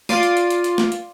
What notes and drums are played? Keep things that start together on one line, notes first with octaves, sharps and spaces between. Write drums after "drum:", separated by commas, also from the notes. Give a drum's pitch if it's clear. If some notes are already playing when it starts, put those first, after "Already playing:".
F4 D5 D6 C7 D#7, drum: snare
drum: hi-hat
drum: hi-hat
drum: hi-hat
drum: hi-hat
drum: snare
drum: hi-hat